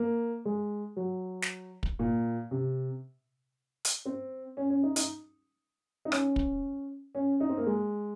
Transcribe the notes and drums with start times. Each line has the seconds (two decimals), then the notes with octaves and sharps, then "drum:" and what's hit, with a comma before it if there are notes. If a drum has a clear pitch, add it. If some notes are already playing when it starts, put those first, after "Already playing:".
Already playing: A#3
0.45 G#3
0.96 F#3
1.42 drum: snare
1.83 drum: kick
1.99 A#2
2.51 C3
3.85 drum: hi-hat
4.06 C4
4.57 C#4
4.70 C#4
4.83 D#4
4.96 D#4, drum: hi-hat
6.05 D#4
6.12 C#4, drum: rim click
6.36 drum: kick
7.15 C#4
7.40 D#4
7.49 C4
7.58 A#3
7.67 G#3